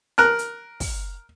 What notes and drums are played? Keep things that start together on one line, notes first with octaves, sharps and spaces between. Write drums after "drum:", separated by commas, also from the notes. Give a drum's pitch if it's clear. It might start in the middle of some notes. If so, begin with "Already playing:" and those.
A#4 F6 F#6
drum: hi-hat
drum: kick, open hi-hat